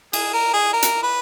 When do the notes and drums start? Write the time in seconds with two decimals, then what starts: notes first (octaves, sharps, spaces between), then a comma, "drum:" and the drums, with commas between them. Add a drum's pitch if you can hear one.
0.13 G#4, drum: cymbal
0.34 A#4
0.53 G#4
0.73 A#4
0.82 drum: hi-hat
1.03 B4